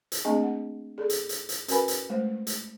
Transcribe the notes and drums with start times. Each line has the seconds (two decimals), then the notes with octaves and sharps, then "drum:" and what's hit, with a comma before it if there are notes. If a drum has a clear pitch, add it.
0.12 drum: hi-hat
0.25 A3 A#3 C4 D4 G#4 D#5
0.43 F#5
0.98 G#4 A4 D5
1.10 drum: hi-hat
1.29 drum: hi-hat
1.49 drum: hi-hat
1.68 C#4 F#4 A#4 B4 G#5 B5, drum: hi-hat
1.88 drum: hi-hat
2.09 G#3 A3 C5
2.47 drum: hi-hat